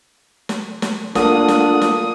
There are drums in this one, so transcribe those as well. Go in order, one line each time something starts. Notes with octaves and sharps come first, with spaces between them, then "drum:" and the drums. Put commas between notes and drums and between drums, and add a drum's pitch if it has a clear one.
drum: snare
drum: snare
A#3 D4 F4 A4 F#5 D#6, drum: snare
drum: snare
drum: snare